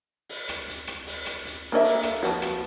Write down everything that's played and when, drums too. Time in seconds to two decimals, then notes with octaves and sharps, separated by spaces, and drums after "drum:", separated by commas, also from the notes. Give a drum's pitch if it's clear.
0.29 drum: open hi-hat
0.49 drum: rim click
0.68 drum: hi-hat
0.87 drum: rim click
1.07 drum: open hi-hat
1.26 drum: rim click
1.45 drum: hi-hat
1.72 A#3 A4 D5 E5
1.84 drum: open hi-hat
2.03 drum: rim click
2.23 F3 B3 F#4, drum: hi-hat
2.42 drum: rim click